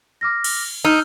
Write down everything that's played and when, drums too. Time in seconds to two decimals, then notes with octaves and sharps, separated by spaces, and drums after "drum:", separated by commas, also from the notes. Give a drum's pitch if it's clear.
0.21 D6 F6 A#6
0.44 drum: cymbal
0.85 D#4 E6 F6 G6